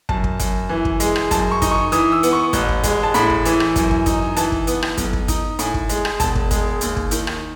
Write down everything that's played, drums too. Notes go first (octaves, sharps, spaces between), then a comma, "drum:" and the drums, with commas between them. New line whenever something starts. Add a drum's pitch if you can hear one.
F#2 A5, drum: kick
drum: kick
F#2, drum: kick, hi-hat
E3
drum: kick
G#3, drum: hi-hat
drum: rim click
F#2 A5, drum: kick, hi-hat
C#6
D#4, drum: kick, hi-hat
C#6
E3 D#6, drum: hi-hat
E6
B3, drum: hi-hat
C#6
A1, drum: kick, hi-hat
drum: kick
G#3, drum: kick, hi-hat
A5
A2 B5, drum: hi-hat
drum: kick
E3, drum: hi-hat
drum: rim click
F#2, drum: kick, hi-hat
drum: kick
D#4, drum: kick, hi-hat
E3 A5, drum: hi-hat
drum: kick
B3, drum: hi-hat
drum: rim click
B1, drum: kick, hi-hat
drum: kick
D#4, drum: kick, hi-hat
A2 G#5, drum: hi-hat
drum: kick
G#3, drum: hi-hat
drum: rim click
E1 A5, drum: kick, hi-hat
drum: kick
G#3, drum: kick, hi-hat
D#2, drum: hi-hat
drum: kick
D#3, drum: hi-hat
drum: rim click